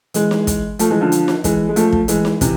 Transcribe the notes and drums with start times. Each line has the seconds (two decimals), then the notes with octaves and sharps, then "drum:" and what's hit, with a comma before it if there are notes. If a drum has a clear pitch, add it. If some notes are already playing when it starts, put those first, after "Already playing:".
0.14 E3 G#3, drum: hi-hat
0.31 drum: snare
0.47 drum: kick, hi-hat
0.79 F3 A3, drum: hi-hat
0.90 E3 G#3
1.01 D3 F3
1.12 drum: hi-hat
1.28 drum: snare
1.44 E3 G#3, drum: kick, hi-hat
1.69 G#3
1.76 F3 A3, drum: hi-hat
1.92 drum: kick
2.08 E3 G#3, drum: hi-hat
2.25 drum: snare
2.41 C3 E3, drum: kick, hi-hat